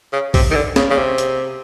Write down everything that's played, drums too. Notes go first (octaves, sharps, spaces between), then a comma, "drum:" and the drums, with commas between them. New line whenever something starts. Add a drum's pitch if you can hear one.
C#3
C3, drum: kick A#1, open hi-hat
D#3
D3
C#3, drum: snare
C#3
C3
drum: hi-hat